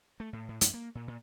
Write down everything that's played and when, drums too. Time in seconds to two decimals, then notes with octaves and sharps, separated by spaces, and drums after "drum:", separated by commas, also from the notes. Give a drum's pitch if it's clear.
0.20 A3
0.33 A2
0.49 A2
0.61 F#2, drum: hi-hat
0.74 A#3
0.95 A#2
1.08 A#2